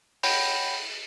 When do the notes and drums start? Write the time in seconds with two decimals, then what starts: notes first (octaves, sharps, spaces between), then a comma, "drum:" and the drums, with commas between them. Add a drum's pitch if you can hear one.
0.23 C#5 F#5 G5 B5 G6 A#6, drum: open hi-hat